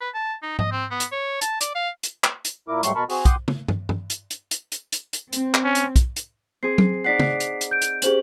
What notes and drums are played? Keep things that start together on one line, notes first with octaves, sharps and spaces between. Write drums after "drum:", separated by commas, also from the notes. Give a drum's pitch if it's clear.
B4
A5
D#4
D#5, drum: tom G#2
C4
B3
drum: hi-hat
C#5
A5, drum: hi-hat
D5, drum: hi-hat
F5
drum: hi-hat
drum: clap
drum: hi-hat
A#2 E4 A#4 D6
G#2 F#3 G3 A3 C6 C#6, drum: hi-hat
B2 A#4 A5 B5 C#6
C4 F#4 G#4, drum: open hi-hat
F#5 G5 C6 D6 D#6, drum: kick, hi-hat
drum: tom
drum: tom
drum: tom
drum: hi-hat
drum: hi-hat
drum: hi-hat
drum: hi-hat
drum: hi-hat
drum: hi-hat
C4, drum: hi-hat
drum: clap
C#4
drum: hi-hat
drum: kick, hi-hat
drum: hi-hat
C4 G#4 C7
drum: tom F#3
D#4 D5 F#5 B6 C7
drum: tom
drum: hi-hat
drum: hi-hat
G6 D7
drum: hi-hat
C#4 G4 G#4 C5 F#7, drum: hi-hat